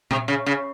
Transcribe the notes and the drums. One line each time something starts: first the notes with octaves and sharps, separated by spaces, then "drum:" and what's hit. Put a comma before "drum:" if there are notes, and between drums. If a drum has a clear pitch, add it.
C3, drum: tom A#2
C#3
C#3